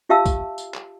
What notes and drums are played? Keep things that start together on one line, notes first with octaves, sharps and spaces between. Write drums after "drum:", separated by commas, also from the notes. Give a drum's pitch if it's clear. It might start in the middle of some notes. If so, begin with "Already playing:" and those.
F4 G4 E5 F5 A5 E6
drum: kick, tambourine
drum: tambourine
drum: clap